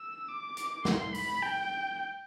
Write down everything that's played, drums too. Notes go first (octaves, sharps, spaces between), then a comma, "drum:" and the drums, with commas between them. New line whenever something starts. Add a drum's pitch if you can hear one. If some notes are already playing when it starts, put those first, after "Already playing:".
Already playing: E6
D6
drum: hi-hat
C6, drum: snare
B5, drum: open hi-hat
G5